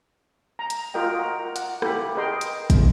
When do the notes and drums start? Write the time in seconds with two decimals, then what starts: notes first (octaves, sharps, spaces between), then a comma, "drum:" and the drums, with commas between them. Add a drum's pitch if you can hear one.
0.59 A#5
0.70 drum: hi-hat
0.94 F4 F#4 A#4 D#5 G5
1.19 F#5 A#5
1.56 F#5, drum: hi-hat
1.82 E4 G4 F5 B5, drum: rim click
2.15 G#4 A#4 B4 D#5 G5 C6
2.41 drum: hi-hat
2.70 drum: kick, hi-hat